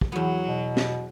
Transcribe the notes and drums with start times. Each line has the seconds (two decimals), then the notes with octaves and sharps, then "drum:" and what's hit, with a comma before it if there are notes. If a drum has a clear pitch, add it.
0.01 drum: kick
0.12 E2 F#3 B3
0.47 B2
0.77 drum: snare